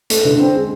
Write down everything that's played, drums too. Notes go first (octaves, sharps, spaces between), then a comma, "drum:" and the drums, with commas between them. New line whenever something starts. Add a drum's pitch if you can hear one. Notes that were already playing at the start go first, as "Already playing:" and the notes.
A3, drum: hi-hat
D3
C4
G#3